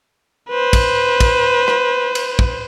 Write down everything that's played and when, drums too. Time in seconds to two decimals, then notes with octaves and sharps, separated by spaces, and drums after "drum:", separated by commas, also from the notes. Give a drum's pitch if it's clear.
0.49 B4 C5
0.73 drum: kick, cymbal
1.20 drum: kick, cymbal
1.68 drum: rim click
2.15 drum: cymbal
2.39 drum: kick